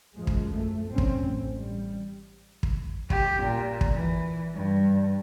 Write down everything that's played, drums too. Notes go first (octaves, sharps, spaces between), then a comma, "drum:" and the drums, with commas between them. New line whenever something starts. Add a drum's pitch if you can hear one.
F#2 F3 G#3
drum: kick
A3
G2 C4 C#4
drum: kick
A1
G3
drum: kick
G4, drum: kick
A#2
drum: kick
E3
G2